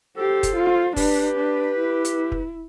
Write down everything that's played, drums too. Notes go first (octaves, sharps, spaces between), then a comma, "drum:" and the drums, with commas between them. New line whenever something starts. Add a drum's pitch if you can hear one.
G4 A4 C5
drum: kick, hi-hat
F4
D4 G4 B4, drum: kick, open hi-hat
D4
E4
drum: hi-hat
drum: kick